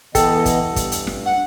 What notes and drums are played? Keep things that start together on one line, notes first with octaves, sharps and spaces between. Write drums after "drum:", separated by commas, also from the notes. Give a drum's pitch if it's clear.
E3 B3 A4 D#5 G5, drum: kick, hi-hat
drum: kick, hi-hat
G2
drum: kick, hi-hat
drum: hi-hat
drum: snare
F#5